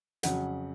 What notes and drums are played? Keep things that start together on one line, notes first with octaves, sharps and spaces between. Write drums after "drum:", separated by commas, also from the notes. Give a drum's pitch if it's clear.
F2 C#3 F#3 F#5, drum: hi-hat